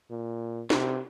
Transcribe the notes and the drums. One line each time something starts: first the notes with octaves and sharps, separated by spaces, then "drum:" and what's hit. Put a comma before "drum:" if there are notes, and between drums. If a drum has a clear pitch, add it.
A#2
C3, drum: snare